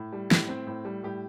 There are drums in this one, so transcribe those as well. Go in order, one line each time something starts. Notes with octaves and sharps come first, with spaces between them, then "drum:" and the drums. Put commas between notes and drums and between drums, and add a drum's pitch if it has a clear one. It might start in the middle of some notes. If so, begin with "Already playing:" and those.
Already playing: A2
G3
A2, drum: snare
C4
A2
G3
A2 G4